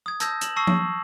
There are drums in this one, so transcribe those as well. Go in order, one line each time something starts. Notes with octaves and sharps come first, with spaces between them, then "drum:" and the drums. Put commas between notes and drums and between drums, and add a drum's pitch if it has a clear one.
D#6 G#6
A5 D#6 E6 G6 G#6 A#6, drum: hi-hat
E7 F#7, drum: hi-hat
A5 C#6 D#6 E6 A#6 C7
drum: tom F3